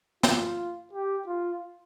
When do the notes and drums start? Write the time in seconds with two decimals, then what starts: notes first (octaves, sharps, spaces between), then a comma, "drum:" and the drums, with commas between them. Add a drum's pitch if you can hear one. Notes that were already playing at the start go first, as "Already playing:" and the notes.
0.23 F4, drum: snare
0.93 G4
1.27 F4